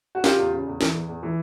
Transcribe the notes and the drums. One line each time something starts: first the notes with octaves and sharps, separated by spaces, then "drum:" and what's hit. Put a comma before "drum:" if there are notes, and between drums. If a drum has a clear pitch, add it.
F#4
C#3 F4 G4, drum: snare
E2
C#3
E2
E3, drum: snare
E2
E2
E3